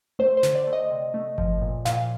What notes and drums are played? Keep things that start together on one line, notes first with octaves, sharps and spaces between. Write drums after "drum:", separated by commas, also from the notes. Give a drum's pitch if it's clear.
A3 C5
C5
D3, drum: snare
D5
A3
D#5
C3
A3
F3, drum: kick G1
A#2
A#2 F5, drum: snare